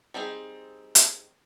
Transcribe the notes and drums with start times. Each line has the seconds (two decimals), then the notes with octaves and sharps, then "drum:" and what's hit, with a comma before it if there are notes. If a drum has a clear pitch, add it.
0.14 G3 C4 D#4 F#4 G#4
0.95 drum: hi-hat